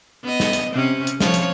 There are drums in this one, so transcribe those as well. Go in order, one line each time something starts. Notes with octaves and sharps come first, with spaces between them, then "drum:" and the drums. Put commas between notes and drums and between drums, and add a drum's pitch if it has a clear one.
B3 D#5
drum: snare
drum: hi-hat
C3 C4 C#4
drum: hi-hat
F3 C#5, drum: snare
drum: hi-hat